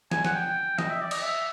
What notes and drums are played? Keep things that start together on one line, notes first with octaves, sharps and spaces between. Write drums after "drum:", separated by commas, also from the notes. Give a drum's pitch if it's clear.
G#5, drum: snare
F#5, drum: snare
G5
D#5, drum: snare
E5
D5
D#5, drum: cymbal
E5